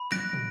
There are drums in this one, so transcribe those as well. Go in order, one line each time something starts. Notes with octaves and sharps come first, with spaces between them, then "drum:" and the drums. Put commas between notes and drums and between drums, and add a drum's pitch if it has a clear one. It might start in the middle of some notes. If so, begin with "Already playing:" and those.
Already playing: B5
F#6 A#6 D7, drum: snare
drum: tom